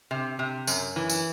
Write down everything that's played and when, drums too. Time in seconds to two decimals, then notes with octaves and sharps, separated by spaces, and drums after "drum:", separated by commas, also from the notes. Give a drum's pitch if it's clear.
0.11 C3
0.39 C3
0.67 F#2, drum: tambourine
0.96 E3
1.10 drum: tambourine